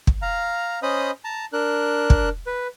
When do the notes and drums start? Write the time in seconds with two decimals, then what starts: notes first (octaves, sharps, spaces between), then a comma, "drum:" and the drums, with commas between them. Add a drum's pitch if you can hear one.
0.07 drum: kick
0.22 F5 A#5
0.82 C#4 C5 D#5 B5 D#6
1.24 A5 A#5
1.53 D4 A#4 F#6
2.10 drum: kick
2.47 B4